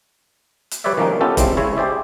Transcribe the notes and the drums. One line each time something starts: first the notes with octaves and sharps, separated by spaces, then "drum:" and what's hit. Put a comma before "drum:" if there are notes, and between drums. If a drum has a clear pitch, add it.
drum: hi-hat
G3 G4 B4 C#5 D5 E5
D#3 F3 G3 A#3 C#4 D#4
B3 C#4 F4 G4 A4
E3 G3 G#3 C4 F4, drum: kick F1, hi-hat
C#3 G#3 E4 C#5
G4 G#4 C5 D5 E5